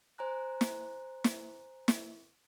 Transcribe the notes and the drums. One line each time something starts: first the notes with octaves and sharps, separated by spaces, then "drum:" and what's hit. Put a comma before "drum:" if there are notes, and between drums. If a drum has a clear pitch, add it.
C5 G#5 A#5 F#6
drum: snare
drum: snare
drum: snare